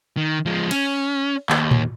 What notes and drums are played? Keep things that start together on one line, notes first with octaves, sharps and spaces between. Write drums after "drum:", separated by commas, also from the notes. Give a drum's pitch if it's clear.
D#3
F3 G#3
C#4, drum: cymbal
D#2, drum: clap
drum: tom A2